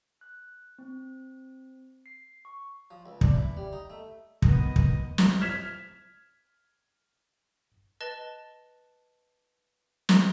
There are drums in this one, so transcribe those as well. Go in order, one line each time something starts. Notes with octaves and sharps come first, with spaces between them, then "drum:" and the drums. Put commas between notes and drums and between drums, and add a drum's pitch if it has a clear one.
F#6
C4
C7
C#6
F3
C#2
D4, drum: kick
E3
G3
D#4
A3
D#3 B3 D#5, drum: kick
drum: kick
drum: snare
F6 G#6 B6 E7 F7
B4 D#5 A5 A6 E7 G7
drum: snare